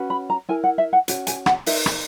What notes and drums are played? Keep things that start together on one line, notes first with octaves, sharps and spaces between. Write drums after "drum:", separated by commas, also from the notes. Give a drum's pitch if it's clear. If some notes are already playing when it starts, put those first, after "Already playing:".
Already playing: C#4 F#4 B4
B5
A#5
E4 A#4 G#5
F#5
E5
F#5
C#4 F#4, drum: hi-hat
G#5, drum: hi-hat
F#5, drum: rim click
D#4 A#4 E5, drum: open hi-hat
drum: rim click